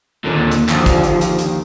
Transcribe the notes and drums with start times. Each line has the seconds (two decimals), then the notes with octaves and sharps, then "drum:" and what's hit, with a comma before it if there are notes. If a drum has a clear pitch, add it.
0.24 D#2 A#2 D3
0.51 drum: hi-hat
0.69 D#2 D3 F3, drum: clap
0.86 drum: kick, hi-hat
1.04 drum: hi-hat
1.21 drum: hi-hat
1.39 drum: hi-hat